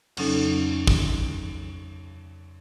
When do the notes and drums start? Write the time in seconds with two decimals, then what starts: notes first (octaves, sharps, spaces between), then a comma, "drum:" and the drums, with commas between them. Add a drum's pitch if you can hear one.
0.17 F2 C#3 F#3 C#4 D#4 A4, drum: cymbal
0.87 drum: kick